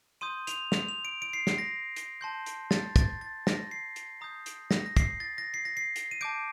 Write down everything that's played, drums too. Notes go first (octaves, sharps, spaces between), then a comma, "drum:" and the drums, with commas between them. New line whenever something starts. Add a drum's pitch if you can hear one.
C6 D#6 G6 D#7
F7, drum: hi-hat
F7, drum: snare
F7
D7
D7
C7
C7, drum: snare
A#6
drum: hi-hat
A5 C6 G6
drum: hi-hat
A6, drum: snare
A6, drum: kick, hi-hat
A6
A#6, drum: snare
C7
drum: hi-hat
A#5 D#6 G6
drum: hi-hat
A#6, drum: snare
A#6
C7, drum: kick, hi-hat
A6
A#6
C7
A#6
C7
drum: hi-hat
D#7
A5 D6 G6 D7